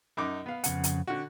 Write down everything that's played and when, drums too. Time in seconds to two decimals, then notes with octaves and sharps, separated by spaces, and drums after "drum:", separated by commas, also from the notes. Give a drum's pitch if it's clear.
0.17 F#2 D#4 D6
0.46 B3 F5
0.64 F2 C#3 F#5, drum: hi-hat
0.84 drum: hi-hat
1.07 D3 C4 F#4